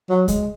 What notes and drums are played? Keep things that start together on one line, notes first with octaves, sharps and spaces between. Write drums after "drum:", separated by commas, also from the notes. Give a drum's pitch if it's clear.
F#3
G#3, drum: kick C#2, hi-hat